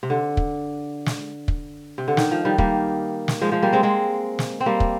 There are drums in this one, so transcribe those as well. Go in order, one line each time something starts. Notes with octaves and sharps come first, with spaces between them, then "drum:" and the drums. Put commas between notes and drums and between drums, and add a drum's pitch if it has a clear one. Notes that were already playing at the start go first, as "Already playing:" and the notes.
C3
D3
drum: kick
drum: snare
drum: kick
C3
D3
D#3, drum: snare
F3
D#3 G3
G3 A#3, drum: kick
drum: snare
F3 G#3
F3 G#3
G3 A#3
G#3 C4
G#3 C4
drum: snare
C4
G3 A#3
drum: kick